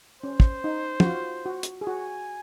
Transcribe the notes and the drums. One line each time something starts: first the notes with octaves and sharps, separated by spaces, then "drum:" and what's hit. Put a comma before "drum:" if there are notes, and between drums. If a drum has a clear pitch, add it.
C#4 C5
drum: kick
D#4
F#4, drum: tom
F4
F#4
drum: hi-hat
G#4
F#4 G#5